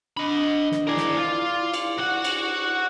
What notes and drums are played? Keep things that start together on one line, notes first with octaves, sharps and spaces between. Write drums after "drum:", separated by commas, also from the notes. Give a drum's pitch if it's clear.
D4 D#5 B5
drum: snare
E4 G#4 A#4 D5 D6
drum: snare
F4
drum: cymbal
F#4 F#5
drum: cymbal